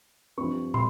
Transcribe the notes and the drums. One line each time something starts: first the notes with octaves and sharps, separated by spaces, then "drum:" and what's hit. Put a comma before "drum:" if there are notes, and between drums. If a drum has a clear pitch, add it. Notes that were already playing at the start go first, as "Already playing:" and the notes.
G2 F3 C4 C#6
C6, drum: tom